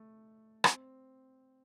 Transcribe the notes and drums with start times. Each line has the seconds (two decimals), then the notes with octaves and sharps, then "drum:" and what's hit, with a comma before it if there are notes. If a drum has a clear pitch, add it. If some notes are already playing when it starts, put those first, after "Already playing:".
Already playing: A3
0.64 C4, drum: rim click